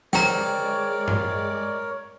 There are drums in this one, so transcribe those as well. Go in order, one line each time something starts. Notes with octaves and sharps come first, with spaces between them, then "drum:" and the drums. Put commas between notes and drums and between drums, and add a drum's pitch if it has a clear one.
G#3 C4 A#4 C#5 D5 G5 A#5, drum: snare
drum: tom G2